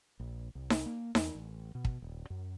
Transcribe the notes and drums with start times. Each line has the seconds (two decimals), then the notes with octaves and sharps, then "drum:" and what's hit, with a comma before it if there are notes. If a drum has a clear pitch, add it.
0.20 A#1
0.55 C2
0.70 drum: snare D#4
0.86 A#3
1.15 E2, drum: snare D#4
1.35 A1
1.75 B2
1.85 drum: kick
2.02 D#1
2.30 F#2